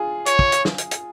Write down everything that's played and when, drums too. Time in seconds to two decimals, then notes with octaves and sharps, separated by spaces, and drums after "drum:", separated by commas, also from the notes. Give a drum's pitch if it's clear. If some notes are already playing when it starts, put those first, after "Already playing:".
Already playing: F4 G#4
0.26 C#5, drum: hi-hat
0.39 drum: kick
0.52 drum: hi-hat
0.65 drum: snare
0.78 drum: hi-hat
0.91 drum: hi-hat